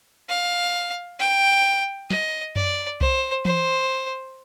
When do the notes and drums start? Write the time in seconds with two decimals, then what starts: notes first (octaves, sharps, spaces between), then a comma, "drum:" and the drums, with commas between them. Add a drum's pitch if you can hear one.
0.29 F5
1.19 G5
2.10 D#5, drum: snare
2.56 D5, drum: tom F#2
3.01 C5, drum: kick C2
3.45 C5, drum: tom E3